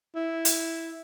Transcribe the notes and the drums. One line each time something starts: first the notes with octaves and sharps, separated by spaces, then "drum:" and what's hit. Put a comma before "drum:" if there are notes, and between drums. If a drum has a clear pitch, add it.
E4
drum: hi-hat